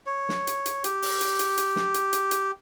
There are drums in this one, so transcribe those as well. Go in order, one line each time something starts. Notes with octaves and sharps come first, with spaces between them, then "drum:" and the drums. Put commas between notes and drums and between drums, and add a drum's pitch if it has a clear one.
C#5
drum: snare
drum: hi-hat
drum: hi-hat
G4, drum: hi-hat
drum: open hi-hat
drum: hi-hat
drum: hi-hat
drum: hi-hat
drum: snare
drum: hi-hat
drum: hi-hat
drum: hi-hat